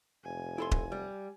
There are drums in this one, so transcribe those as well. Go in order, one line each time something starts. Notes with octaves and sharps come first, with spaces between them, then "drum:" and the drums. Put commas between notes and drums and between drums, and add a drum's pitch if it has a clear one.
F1 G#5
E4 A4 C6
drum: kick D#1
G3